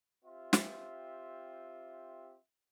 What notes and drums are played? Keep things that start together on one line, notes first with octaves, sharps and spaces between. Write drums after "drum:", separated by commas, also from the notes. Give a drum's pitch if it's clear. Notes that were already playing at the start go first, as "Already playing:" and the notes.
C4 F4 G4 E5
drum: snare